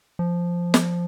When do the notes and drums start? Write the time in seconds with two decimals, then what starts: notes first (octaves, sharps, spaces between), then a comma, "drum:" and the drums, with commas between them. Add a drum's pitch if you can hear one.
0.19 F3
0.74 drum: snare